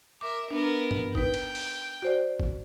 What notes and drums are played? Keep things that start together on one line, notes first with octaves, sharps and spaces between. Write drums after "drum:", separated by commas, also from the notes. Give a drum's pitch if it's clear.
A#4 E5 D6
B3 D4 A#4
drum: tom G2
D#4 B4 G5, drum: kick
drum: cymbal
drum: open hi-hat
F#4 C5 D5
drum: kick